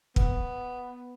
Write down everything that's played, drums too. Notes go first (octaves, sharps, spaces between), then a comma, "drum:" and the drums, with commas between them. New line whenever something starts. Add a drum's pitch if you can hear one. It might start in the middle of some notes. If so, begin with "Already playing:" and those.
B3, drum: kick